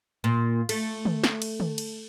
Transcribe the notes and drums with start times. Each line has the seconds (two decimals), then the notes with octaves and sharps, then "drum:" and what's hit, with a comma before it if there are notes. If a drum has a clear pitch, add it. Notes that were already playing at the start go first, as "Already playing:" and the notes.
0.24 A#2
0.69 A3, drum: cymbal
1.05 drum: tom
1.24 drum: snare
1.42 drum: cymbal
1.60 drum: tom
1.78 drum: cymbal